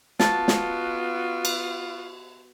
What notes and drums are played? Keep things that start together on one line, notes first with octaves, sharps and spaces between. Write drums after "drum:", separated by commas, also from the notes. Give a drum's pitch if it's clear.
B3 F4 F#4 A5, drum: snare
drum: snare
drum: cymbal